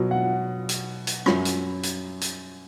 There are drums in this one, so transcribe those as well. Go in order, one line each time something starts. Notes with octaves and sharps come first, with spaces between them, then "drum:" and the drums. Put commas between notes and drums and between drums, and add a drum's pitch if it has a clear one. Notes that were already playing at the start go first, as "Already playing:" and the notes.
Already playing: B2 F#3
F#5
drum: hi-hat
drum: hi-hat
F#2 F#3 B5, drum: rim click
drum: hi-hat
drum: hi-hat
drum: hi-hat